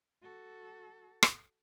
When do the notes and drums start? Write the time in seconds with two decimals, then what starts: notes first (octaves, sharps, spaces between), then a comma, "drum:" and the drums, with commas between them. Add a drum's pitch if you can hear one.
0.22 F#4 A4
1.23 drum: rim click